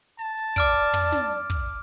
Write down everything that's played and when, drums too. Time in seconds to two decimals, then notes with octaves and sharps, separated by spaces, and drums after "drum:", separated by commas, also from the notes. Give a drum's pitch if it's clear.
0.19 A5, drum: hi-hat
0.37 drum: hi-hat
0.56 D5 D6 F6 D7, drum: kick, hi-hat
0.75 drum: hi-hat
0.94 drum: tom
1.12 drum: snare
1.31 drum: hi-hat
1.50 drum: kick